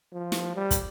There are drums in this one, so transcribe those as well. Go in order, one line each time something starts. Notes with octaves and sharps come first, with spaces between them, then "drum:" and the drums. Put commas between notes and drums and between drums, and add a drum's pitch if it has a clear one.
F3
drum: snare
G3
drum: kick, hi-hat